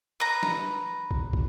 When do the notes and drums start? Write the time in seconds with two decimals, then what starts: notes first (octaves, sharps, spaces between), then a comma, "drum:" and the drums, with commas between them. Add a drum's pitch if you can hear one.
0.20 B4 A#5
0.43 drum: snare
1.11 drum: kick
1.33 drum: kick